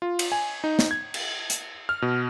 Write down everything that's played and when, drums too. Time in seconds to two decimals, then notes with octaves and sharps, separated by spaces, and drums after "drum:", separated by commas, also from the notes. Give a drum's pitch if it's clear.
0.02 F4
0.19 drum: cymbal
0.32 G#5
0.64 D#4
0.79 drum: snare
0.91 G#6
1.14 drum: cymbal
1.50 drum: hi-hat
1.89 F6
2.02 B2